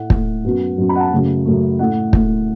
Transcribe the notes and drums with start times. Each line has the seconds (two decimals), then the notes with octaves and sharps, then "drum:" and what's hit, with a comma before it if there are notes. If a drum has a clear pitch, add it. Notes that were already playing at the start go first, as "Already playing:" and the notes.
Already playing: A2 A3 F#5
0.10 A2 A3, drum: kick
0.44 F#2 F#3 B3
0.78 F#2 F#3 B3
0.89 B5
0.96 F#5
1.00 A5
1.12 F#2 C#3 A3
1.45 F#2 C#3 A3
1.79 A2 A3 F#5
2.13 A2 A3, drum: kick